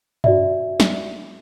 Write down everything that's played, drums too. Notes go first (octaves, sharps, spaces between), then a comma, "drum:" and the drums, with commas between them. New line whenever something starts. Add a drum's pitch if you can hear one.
F#4 D5 E5, drum: tom F#2
drum: snare